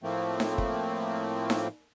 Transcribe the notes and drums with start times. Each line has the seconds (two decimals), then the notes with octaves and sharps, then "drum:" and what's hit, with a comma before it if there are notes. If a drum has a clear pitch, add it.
0.03 A2 F3 A3 A#3 C4
0.40 drum: snare D#4
0.58 drum: kick
1.50 drum: snare D#4